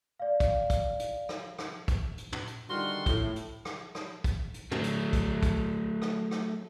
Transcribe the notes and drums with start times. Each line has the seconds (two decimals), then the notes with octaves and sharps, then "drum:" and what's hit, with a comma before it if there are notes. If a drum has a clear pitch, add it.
0.20 D5 F5
0.40 drum: kick, hi-hat
0.70 drum: kick, hi-hat
0.99 drum: hi-hat
1.29 drum: rim click
1.59 drum: rim click
1.88 drum: kick, hi-hat
2.18 drum: hi-hat
2.32 drum: tom
2.47 drum: hi-hat
2.69 D3 D#3 G3 F4 F#4 C6
3.06 A2, drum: kick, hi-hat
3.36 drum: hi-hat
3.65 drum: rim click
3.95 drum: rim click
4.24 drum: kick, hi-hat
4.54 drum: hi-hat
4.71 F#3 A3, drum: tom
4.83 drum: hi-hat
5.13 drum: kick, hi-hat
5.43 drum: kick, hi-hat
6.02 drum: rim click
6.31 drum: rim click